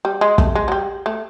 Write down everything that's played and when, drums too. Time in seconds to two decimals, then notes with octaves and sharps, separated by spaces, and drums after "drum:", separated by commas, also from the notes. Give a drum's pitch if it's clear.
0.05 G3
0.21 G#3
0.38 A3, drum: kick
0.55 G#3
0.68 F#3
0.72 G3
1.06 A3